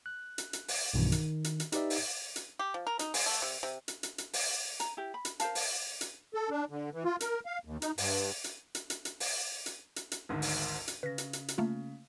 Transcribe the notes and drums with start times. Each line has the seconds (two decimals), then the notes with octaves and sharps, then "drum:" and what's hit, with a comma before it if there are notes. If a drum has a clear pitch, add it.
0.06 F#6
0.38 drum: hi-hat
0.53 drum: hi-hat
0.68 drum: open hi-hat
0.94 B1 G2 B2 D#3 E3
1.12 D#3, drum: hi-hat
1.44 drum: hi-hat
1.60 drum: hi-hat
1.72 D#4 G4 B4 D5 E5, drum: hi-hat
1.90 drum: open hi-hat
2.36 drum: hi-hat
2.59 G4
2.74 F3
2.87 A#4
2.99 D#4, drum: hi-hat
3.14 G#3, drum: open hi-hat
3.26 A3
3.42 C3
3.63 C3
3.88 drum: hi-hat
4.03 drum: hi-hat
4.18 drum: hi-hat
4.33 drum: open hi-hat
4.80 A#5, drum: hi-hat
4.97 E4 G4
5.14 B5
5.25 drum: hi-hat
5.40 A#4 C5 F5 A5, drum: hi-hat
5.55 drum: open hi-hat
6.01 drum: hi-hat
6.34 A4
6.50 D4
6.70 D3
6.93 E3
7.04 F4
7.20 A#4, drum: hi-hat
7.46 F5
7.65 D#2
7.82 D#4, drum: hi-hat
7.98 G2, drum: open hi-hat
8.44 drum: hi-hat
8.75 drum: hi-hat
8.90 drum: hi-hat
9.05 drum: hi-hat
9.20 drum: open hi-hat
9.66 drum: hi-hat
9.96 drum: hi-hat
10.12 drum: hi-hat
10.29 G#1 D2 G#2
10.42 drum: open hi-hat
10.88 drum: hi-hat
11.03 C#3 B4 A#6
11.18 drum: hi-hat
11.33 drum: hi-hat
11.48 drum: hi-hat
11.58 C#3 A3 A#3 F4